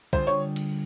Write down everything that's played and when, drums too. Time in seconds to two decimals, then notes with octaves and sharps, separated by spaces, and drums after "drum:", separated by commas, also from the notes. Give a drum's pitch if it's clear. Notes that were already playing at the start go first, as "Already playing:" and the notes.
0.13 D3 G3 C4 F4 G#4 C5, drum: kick
0.27 C#5
0.56 drum: cymbal